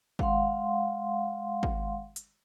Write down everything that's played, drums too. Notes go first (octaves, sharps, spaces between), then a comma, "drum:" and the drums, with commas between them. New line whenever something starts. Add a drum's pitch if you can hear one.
G#3 F5 F#5 C6, drum: kick G#1
drum: kick G#1
drum: hi-hat